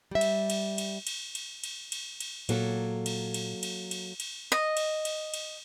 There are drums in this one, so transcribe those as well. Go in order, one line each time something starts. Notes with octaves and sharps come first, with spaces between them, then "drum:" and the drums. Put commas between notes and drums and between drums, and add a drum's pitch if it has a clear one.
G3 E5
drum: cymbal
drum: cymbal
drum: cymbal
drum: cymbal
drum: cymbal
drum: cymbal
drum: cymbal
drum: cymbal
A#2 F#3 A#3 A4, drum: cymbal
drum: cymbal
drum: cymbal
drum: cymbal
drum: cymbal
drum: cymbal
D#5
drum: cymbal
drum: cymbal
drum: cymbal